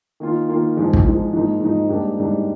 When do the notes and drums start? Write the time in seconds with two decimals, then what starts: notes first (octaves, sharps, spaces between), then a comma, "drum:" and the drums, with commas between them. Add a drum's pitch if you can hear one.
0.20 D#3 A#3 F4
0.48 D#3 A#3 F4
0.76 G#2 F3 G#3
0.93 drum: kick
1.04 G#2 F3 G#3
1.33 G#2 F3 A#3 D#4
1.61 G#2 F3 A#3 D#4
1.89 G#2 G3 A#3 D4 G4
2.17 G#2 G3 A#3 D4 G4